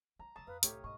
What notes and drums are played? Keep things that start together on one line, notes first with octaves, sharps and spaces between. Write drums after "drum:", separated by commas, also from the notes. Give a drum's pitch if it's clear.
G#3 A#5
C#3 F#3 A5 D#6
F2 B4 F5
C2 A2 A3 G4 C#5, drum: hi-hat
G#2 B2 D#5 C#6